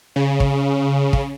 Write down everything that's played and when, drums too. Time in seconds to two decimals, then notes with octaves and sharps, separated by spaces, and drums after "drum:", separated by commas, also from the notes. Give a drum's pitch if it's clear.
0.16 C#3
0.40 drum: kick
1.13 drum: kick